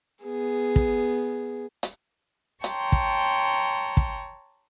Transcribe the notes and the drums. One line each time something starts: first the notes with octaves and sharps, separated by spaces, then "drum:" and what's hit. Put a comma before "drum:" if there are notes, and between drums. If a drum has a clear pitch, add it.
B3 G#4
drum: kick
drum: hi-hat
C#5 G5 A5 A#5 C6, drum: hi-hat
drum: kick
drum: kick